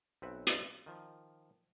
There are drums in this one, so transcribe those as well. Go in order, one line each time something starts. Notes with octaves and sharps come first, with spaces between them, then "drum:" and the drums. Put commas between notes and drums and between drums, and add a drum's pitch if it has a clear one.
B1 C4 B4 E5 F#5
drum: hi-hat
D#3 F3